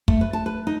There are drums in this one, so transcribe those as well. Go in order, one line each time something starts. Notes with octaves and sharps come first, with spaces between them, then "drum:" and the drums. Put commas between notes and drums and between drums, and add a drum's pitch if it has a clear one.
A3, drum: kick
B4
A5
B4
D#4